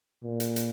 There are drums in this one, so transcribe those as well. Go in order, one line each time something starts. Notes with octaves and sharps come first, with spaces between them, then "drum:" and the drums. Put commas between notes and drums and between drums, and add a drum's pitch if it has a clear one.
A#2
drum: hi-hat
drum: hi-hat